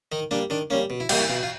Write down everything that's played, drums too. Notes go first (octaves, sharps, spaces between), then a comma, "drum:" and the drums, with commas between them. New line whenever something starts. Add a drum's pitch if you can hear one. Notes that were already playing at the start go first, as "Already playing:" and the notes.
D#3 D#4
G3 A#3 D4
D#3 D4
G3 A#3 C#4
B2
E4
G3 A#3 F4, drum: cymbal
E4
B2 F4
F4